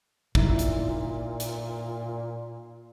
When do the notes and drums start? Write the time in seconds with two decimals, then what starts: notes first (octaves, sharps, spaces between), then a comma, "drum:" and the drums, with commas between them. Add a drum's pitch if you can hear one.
0.35 A#2 D#4 E4, drum: kick
0.59 drum: hi-hat
1.40 drum: hi-hat